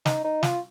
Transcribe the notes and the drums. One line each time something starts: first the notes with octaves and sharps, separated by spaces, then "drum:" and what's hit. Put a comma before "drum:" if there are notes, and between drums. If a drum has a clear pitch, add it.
D#4, drum: snare
D#4
F4, drum: snare